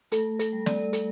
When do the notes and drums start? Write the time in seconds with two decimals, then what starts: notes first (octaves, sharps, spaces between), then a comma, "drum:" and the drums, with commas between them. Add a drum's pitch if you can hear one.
0.12 A3 A4, drum: hi-hat
0.39 A4, drum: hi-hat
0.53 G3
0.66 D5, drum: snare
0.93 A3 A4, drum: hi-hat